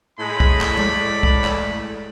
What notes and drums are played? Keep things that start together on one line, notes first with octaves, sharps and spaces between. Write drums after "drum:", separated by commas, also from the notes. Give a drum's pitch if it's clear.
A2 G#3 B5
drum: kick
drum: clap
G#3 D5
drum: kick
drum: clap